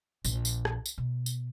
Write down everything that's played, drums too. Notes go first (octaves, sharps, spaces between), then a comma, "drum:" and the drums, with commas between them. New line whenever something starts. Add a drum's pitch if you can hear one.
A#1, drum: tambourine
drum: tambourine
drum: rim click
drum: tambourine
B2
drum: tambourine